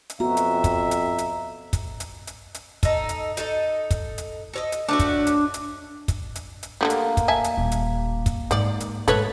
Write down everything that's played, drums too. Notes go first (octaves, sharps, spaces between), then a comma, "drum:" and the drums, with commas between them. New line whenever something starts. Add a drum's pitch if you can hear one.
drum: hi-hat
F2 B3 F#4 E5 A#5
drum: hi-hat
drum: kick, hi-hat
drum: hi-hat
drum: hi-hat
drum: kick, hi-hat
drum: hi-hat
drum: hi-hat
drum: hi-hat
D#4 A4, drum: kick, hi-hat
drum: hi-hat
D#4 A4 D#5, drum: hi-hat
drum: kick, hi-hat
drum: hi-hat
A4 C#5 D#5
drum: hi-hat
A3 C#4 D4 F#4
drum: kick, hi-hat
drum: hi-hat
drum: hi-hat
drum: kick, hi-hat
drum: hi-hat
drum: hi-hat
D3 D#3 G3 A#3 G5 A#5
drum: hi-hat
drum: kick, hi-hat
E5 G#5 A5
drum: hi-hat
D#1 G4
drum: hi-hat
drum: kick, hi-hat
G#2 D#3 D5, drum: hi-hat
drum: hi-hat
G#2 D3 A3 A4 B4 C#5, drum: hi-hat